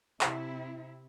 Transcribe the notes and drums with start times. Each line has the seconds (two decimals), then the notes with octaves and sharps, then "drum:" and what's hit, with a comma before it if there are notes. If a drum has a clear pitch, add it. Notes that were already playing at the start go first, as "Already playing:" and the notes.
0.21 C3 C4 E4, drum: clap